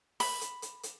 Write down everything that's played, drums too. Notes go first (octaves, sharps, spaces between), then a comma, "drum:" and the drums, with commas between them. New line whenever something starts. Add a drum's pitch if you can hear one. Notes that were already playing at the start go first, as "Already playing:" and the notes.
B5, drum: open hi-hat
drum: hi-hat
drum: hi-hat
drum: hi-hat